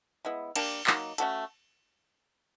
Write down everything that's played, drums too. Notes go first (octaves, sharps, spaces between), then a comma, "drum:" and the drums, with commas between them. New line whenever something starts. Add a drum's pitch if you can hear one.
G#3 B3 E4
A#3 D4 G4 A#4, drum: cymbal
F#3 A#3 D#4, drum: clap
A3 C#4 F#4 A4, drum: hi-hat